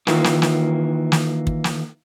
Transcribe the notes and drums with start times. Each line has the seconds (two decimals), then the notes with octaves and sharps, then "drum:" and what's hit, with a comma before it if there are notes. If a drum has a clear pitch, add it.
0.07 D#3 E3 A#3 F4, drum: snare
0.24 drum: snare
0.42 drum: snare
1.12 drum: snare
1.47 drum: kick
1.64 drum: snare